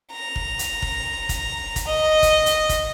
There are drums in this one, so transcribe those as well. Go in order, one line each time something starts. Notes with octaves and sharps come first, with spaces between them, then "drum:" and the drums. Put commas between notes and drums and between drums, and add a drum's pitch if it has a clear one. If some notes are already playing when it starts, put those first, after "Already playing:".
A#5
drum: kick F1
drum: hi-hat
drum: kick F1
drum: kick F1, hi-hat
drum: kick F1, hi-hat
D#5
drum: kick F1, hi-hat
drum: hi-hat
drum: kick F1, hi-hat